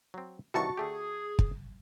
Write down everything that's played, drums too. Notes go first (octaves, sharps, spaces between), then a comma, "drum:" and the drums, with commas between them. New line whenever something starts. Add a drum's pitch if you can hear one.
F#3 C4
C2 D#3 E3 F#4 A5 C#6
D3 A3 G4 G#4
drum: kick